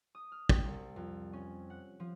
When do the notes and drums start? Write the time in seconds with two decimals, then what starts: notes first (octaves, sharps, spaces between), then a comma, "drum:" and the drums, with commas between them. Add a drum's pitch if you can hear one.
0.15 D#6
0.32 F6
0.49 G5, drum: kick
0.65 C2
0.96 F2
1.33 C#4
1.70 F#5
2.00 F3